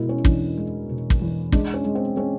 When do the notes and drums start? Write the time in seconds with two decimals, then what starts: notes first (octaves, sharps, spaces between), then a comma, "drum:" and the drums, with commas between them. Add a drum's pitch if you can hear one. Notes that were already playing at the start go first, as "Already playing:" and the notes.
Already playing: B2 G#3 E4 A#4
0.09 C#4
0.25 E2 D4, drum: kick
0.57 G#3
0.89 B2
1.10 drum: kick
1.21 E2
1.52 G#3 D4, drum: kick
1.74 C#4
1.85 G#3
1.95 C4
2.17 G#3 C#4